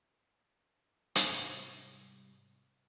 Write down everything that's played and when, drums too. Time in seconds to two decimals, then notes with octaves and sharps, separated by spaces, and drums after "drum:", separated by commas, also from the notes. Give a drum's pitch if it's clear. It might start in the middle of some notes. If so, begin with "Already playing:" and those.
1.15 drum: hi-hat
1.28 G#2 C3 G3